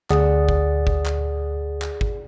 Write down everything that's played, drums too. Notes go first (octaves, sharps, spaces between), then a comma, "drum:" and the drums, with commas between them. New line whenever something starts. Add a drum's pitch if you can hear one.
D2 G#4 D5 F#5, drum: clap
drum: kick G#1
drum: kick G#1
drum: clap
drum: clap
drum: kick G#1